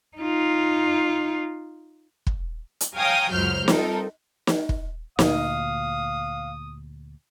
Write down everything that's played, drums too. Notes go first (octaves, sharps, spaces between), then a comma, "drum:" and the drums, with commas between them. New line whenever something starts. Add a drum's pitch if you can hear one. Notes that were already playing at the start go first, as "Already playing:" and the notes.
D#4 F4
drum: kick
drum: hi-hat
C#5 F5 G5 G#5 A#5 D#6
C#2 F#2 F#3 C5 F6 G6
G3 C4 D#4 F4 A4 A#4, drum: snare
drum: snare
drum: kick
D2 A#2 F5 D#6, drum: snare